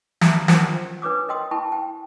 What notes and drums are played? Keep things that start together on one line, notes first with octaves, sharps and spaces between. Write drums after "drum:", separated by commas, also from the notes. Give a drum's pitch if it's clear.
E5 F5 A#5, drum: snare
C#4 D4 F4 A#4 C5 F#5, drum: snare
D4 B4 C#5 D6 D#6
A#4 D#5 G5 C6 D#6
E4 G5 A5 B5 C#6
G5